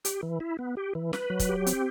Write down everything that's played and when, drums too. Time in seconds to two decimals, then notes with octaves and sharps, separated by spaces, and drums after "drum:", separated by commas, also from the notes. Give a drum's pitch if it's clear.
0.05 G4, drum: hi-hat
0.23 E3
0.40 E4
0.59 B3
0.77 G4
0.95 E3
1.13 B4, drum: snare
1.30 F#3
1.40 drum: kick, hi-hat
1.49 G4
1.67 C4, drum: hi-hat